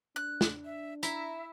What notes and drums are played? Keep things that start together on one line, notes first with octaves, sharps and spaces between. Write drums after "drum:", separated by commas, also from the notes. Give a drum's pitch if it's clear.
D4 F#6
drum: snare
E5
E4 E5 A#5, drum: hi-hat